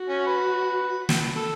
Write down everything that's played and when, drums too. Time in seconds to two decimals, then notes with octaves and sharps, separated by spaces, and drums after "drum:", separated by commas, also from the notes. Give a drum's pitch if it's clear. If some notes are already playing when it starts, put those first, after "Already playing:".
Already playing: F#4
0.09 C#4
0.27 B4
1.09 drum: snare
1.36 A4